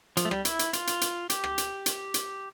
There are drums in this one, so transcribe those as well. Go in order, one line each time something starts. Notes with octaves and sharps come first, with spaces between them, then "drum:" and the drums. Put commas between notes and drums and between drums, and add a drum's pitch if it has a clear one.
F3, drum: hi-hat
A3
G3, drum: rim click
E4, drum: hi-hat
drum: hi-hat
F4, drum: hi-hat
drum: hi-hat
drum: hi-hat
G4, drum: hi-hat
drum: rim click
drum: hi-hat
drum: hi-hat
drum: hi-hat